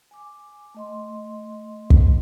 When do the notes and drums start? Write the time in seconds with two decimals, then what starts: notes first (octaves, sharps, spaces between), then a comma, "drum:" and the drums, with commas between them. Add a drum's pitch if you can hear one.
0.11 G#5 D6
0.75 A3 D#5 C6
1.90 drum: kick